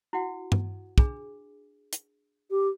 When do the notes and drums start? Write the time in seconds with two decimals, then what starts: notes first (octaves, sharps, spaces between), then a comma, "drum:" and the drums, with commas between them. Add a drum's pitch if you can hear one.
0.13 E4 F#4 F#5
0.52 drum: tom G2
0.98 D4 G#4, drum: kick
1.93 drum: hi-hat
2.50 G4